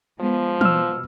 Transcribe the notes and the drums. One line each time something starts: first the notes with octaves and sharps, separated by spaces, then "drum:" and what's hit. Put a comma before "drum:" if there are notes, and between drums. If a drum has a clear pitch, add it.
F3 G#3 B3
B2 E6 F6, drum: tom E3